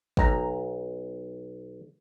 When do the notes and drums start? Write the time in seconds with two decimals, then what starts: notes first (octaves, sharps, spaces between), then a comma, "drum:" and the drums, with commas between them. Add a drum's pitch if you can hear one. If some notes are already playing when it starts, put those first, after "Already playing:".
0.17 B1 A#5, drum: kick